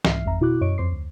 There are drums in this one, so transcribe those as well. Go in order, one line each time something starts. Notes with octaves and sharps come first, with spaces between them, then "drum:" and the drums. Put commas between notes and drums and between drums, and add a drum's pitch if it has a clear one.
C2 G#2 E3 E5 F6 C7, drum: snare
G#1 F2 E5 A#5
B2 E4 F#4 D6 F#6
F#2 C#5 D#5 C#6 D7
F2 C5 C6 D6 C7
D2